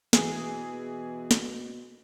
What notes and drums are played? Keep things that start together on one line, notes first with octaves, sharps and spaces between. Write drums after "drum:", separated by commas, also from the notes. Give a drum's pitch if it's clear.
B2 E3 G#4, drum: snare
drum: snare